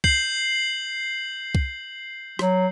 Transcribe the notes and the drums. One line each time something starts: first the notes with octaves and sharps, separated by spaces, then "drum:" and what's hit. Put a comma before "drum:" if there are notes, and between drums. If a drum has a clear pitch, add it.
G6 C7 F#7, drum: kick C2
drum: kick C2
F#3, drum: rim click